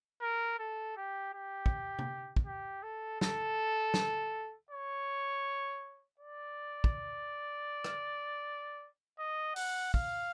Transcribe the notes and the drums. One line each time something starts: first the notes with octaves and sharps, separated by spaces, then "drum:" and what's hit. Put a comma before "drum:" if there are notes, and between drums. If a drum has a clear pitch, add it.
A#4
A4
G4
G4
drum: kick
drum: tom C3
drum: kick
G4
A4
A4, drum: snare
drum: snare
C#5
D5
drum: kick
drum: rim click
D#5
F#5, drum: open hi-hat
F5, drum: kick